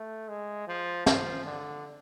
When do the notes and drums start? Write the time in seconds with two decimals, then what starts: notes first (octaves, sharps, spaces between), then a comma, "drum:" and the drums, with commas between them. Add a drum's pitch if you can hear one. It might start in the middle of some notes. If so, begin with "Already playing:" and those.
Already playing: A3
0.29 G#3
0.67 F3
1.06 F3, drum: snare
1.45 D3